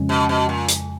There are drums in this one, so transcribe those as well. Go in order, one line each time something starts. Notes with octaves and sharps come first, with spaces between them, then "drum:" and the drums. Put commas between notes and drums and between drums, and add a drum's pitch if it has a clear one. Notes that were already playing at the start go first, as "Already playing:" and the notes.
Already playing: F2 C#3 G#3 C#4
B2
B2
A#2
drum: hi-hat